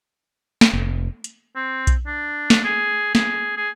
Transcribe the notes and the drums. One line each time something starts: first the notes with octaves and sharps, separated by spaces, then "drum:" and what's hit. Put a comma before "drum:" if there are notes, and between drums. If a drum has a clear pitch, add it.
drum: snare
F1
drum: hi-hat
C4
drum: kick B1, hi-hat
D4
drum: snare
G#4
G#4, drum: snare
G#4